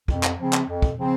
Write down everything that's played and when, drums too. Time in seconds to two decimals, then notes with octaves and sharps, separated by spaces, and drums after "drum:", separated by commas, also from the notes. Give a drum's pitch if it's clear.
0.08 F2, drum: kick
0.23 drum: clap
0.38 C#3 F3 C4
0.53 drum: clap
0.68 F2
0.82 drum: kick
0.97 C#3 F3 C4